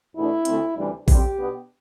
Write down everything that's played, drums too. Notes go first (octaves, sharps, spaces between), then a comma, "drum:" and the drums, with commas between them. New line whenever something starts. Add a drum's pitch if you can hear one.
E2 B2 A3 D4 E4
D2 D3 A3 C4, drum: hi-hat
D2 C3 E3 G3 D4
F2 D3 G3 C4 G4, drum: kick A#1, open hi-hat
B2 B3 D4